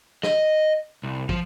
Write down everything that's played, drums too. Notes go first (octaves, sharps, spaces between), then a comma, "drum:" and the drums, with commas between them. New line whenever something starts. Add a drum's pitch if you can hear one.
D#5, drum: snare
C2
F3, drum: kick